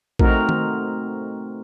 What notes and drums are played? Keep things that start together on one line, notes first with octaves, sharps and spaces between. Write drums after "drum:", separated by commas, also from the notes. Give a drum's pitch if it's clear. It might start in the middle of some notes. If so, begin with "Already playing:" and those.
A3 C4 D#4 F#4 A#4, drum: kick A1
drum: tom D#3